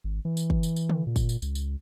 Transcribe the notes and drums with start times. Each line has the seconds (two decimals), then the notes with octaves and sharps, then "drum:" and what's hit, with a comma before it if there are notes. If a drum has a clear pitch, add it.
0.04 G#1
0.25 E3
0.37 drum: tambourine
0.50 drum: kick
0.63 drum: tambourine
0.76 drum: tambourine
0.89 drum: tom
1.07 A#2
1.16 drum: kick, tambourine
1.29 drum: tambourine
1.42 C#2, drum: tambourine
1.55 drum: tambourine